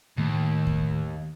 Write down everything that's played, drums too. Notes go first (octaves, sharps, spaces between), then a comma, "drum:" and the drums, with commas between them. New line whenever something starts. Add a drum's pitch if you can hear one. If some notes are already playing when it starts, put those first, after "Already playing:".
D#2 A2 D#3 A3
drum: kick D#2